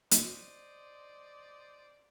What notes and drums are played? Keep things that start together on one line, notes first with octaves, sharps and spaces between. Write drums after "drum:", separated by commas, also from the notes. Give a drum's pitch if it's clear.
C5 D5 D#5, drum: hi-hat